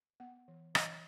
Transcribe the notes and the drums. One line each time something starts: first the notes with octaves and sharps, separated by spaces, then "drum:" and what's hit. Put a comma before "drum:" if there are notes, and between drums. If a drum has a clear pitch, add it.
B3 F#5
E3
E3 D#5, drum: rim click